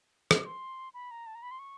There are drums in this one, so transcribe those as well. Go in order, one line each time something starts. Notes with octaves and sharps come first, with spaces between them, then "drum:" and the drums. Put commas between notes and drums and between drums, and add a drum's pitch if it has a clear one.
D6, drum: rim click
C6
B5
A#5
A5
A#5
B5
C6
C#6